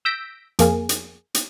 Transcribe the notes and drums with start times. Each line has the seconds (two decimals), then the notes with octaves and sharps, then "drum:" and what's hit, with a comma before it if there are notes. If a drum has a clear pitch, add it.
0.05 E6 G6 A#6 B6 D7
0.59 F2 A#3 G#4, drum: hi-hat
0.89 drum: hi-hat
1.35 drum: hi-hat